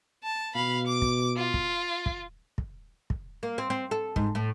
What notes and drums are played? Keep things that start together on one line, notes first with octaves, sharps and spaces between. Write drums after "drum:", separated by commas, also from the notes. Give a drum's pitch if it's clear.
A5
B2 F5 B5
D6
drum: kick
F4
drum: kick
drum: kick
drum: kick
drum: kick
A#3
C4
C4
A4
G#2, drum: kick
A2